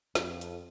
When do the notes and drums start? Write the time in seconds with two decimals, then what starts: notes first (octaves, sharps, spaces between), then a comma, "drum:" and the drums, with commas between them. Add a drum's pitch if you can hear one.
0.15 F2, drum: snare
0.41 drum: hi-hat